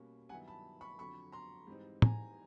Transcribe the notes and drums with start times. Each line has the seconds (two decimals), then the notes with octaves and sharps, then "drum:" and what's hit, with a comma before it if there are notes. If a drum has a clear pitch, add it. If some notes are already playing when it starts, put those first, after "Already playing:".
Already playing: B2 G3 A#3 C#4
0.29 G2 D#3 F#3 B3 E4 F#5 G#5
0.48 A5 B5
0.81 B5 C#6
0.98 F2 D3 F#3 B5 C#6
1.32 A#5 C6
1.67 G#2 E3 G3 C4 D#4
2.02 G#5 A#5, drum: tom